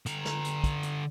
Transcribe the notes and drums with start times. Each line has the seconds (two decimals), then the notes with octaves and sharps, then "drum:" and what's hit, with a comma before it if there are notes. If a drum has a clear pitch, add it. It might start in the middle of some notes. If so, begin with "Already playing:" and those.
0.06 D3 A#5, drum: hi-hat
0.25 drum: snare
0.44 drum: hi-hat
0.64 drum: kick, hi-hat
0.83 drum: hi-hat